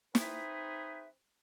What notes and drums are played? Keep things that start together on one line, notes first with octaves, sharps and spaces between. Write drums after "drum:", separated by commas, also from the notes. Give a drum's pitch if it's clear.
C4 D#4 G#4 B4 E5, drum: snare